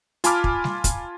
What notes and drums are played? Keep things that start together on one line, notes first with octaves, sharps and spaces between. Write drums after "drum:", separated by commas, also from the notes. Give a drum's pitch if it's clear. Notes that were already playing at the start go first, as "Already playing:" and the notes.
F4 G#5 A5 B5 D6 F6, drum: hi-hat
drum: kick
drum: snare
drum: kick, hi-hat